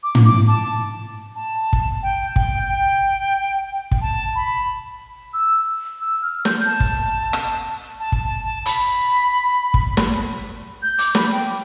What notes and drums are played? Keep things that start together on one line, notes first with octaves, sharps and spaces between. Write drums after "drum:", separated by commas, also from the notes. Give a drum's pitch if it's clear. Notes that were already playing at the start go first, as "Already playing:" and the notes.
D6
drum: tom
D6
A5
A5
drum: kick
G5
G5, drum: kick
G5
drum: kick
A5
B5
E6
E6
F6
G6, drum: snare
A5
drum: kick
drum: rim click
A5
drum: kick
A5
A5
B5, drum: hi-hat
drum: kick
drum: snare
G6
D6, drum: hi-hat
B5, drum: snare
G5